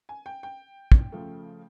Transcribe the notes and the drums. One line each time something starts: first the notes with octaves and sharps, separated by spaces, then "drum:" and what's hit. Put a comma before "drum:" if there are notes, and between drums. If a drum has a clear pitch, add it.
G#5
G5
G5
drum: kick
C#3 F3 A3